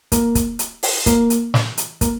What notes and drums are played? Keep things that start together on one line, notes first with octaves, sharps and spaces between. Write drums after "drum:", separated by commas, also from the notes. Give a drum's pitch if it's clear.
A#3, drum: kick, hi-hat
drum: kick, hi-hat
drum: hi-hat
drum: open hi-hat
A#3, drum: kick, hi-hat
drum: hi-hat
drum: snare
drum: hi-hat
A#3, drum: kick, hi-hat